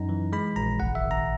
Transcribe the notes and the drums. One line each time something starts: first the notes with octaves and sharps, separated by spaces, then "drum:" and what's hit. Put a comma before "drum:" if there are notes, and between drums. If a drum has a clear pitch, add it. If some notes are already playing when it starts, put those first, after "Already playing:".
Already playing: F#2 D#4 A#5
E3
G#3 B5
A#1 A#5
G#1 F#5, drum: kick D#1
E5
G#1
A#5